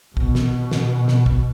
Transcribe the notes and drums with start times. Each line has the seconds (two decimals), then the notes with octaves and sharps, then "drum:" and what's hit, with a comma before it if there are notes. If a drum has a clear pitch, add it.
0.17 B2, drum: kick
0.35 drum: snare
0.71 drum: snare
1.08 drum: snare
1.26 drum: kick